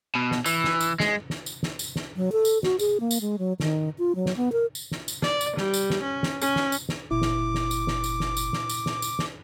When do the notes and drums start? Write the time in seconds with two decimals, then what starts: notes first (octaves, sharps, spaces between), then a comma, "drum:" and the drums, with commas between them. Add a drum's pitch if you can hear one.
0.15 B2
0.31 drum: snare
0.46 E3, drum: tambourine
0.64 drum: snare
0.81 drum: tambourine
1.00 G#3, drum: snare
1.30 drum: snare
1.46 drum: tambourine
1.63 drum: snare
1.79 drum: tambourine
1.96 drum: snare
2.16 F#3
2.32 A4
2.45 drum: tambourine
2.63 F#4, drum: snare
2.79 G#4, drum: tambourine
3.00 A#3
3.11 drum: tambourine
3.21 G#3
3.39 F#3
3.60 D#3, drum: snare
3.98 F4
4.15 F#3
4.26 drum: snare
4.37 B3
4.52 A#4
4.75 drum: tambourine
4.91 drum: snare
5.08 drum: tambourine
5.22 D5, drum: snare
5.41 drum: tambourine
5.57 G3, drum: snare
5.74 drum: tambourine
5.90 drum: snare
6.03 C#4
6.23 drum: snare
6.42 C#4, drum: tambourine
6.56 drum: snare
6.72 drum: tambourine
6.89 drum: snare
7.11 F#1 A#2 E4 D6
7.22 drum: snare
7.54 drum: snare
7.71 drum: tambourine
7.87 drum: snare
8.04 drum: tambourine
8.20 drum: snare
8.37 drum: tambourine
8.53 drum: snare
8.69 drum: tambourine
8.86 drum: snare
9.02 drum: tambourine
9.19 drum: snare